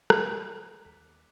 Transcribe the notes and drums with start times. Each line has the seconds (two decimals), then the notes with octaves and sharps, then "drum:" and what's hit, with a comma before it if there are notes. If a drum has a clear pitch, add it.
0.10 drum: rim click
0.24 C#4 G4
0.37 G#3 D6 F#6 F7
0.85 D#2 G3 B6